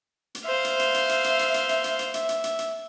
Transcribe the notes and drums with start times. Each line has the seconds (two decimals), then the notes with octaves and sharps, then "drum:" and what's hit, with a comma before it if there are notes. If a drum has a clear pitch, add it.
0.35 drum: hi-hat
0.45 C5 E5 F5
0.64 drum: hi-hat
0.79 drum: hi-hat
0.94 drum: hi-hat
1.09 drum: hi-hat
1.24 drum: hi-hat
1.39 drum: hi-hat
1.54 drum: hi-hat
1.69 drum: hi-hat
1.84 drum: hi-hat
1.99 drum: hi-hat
2.14 E5, drum: hi-hat
2.29 drum: hi-hat
2.44 drum: hi-hat
2.59 drum: hi-hat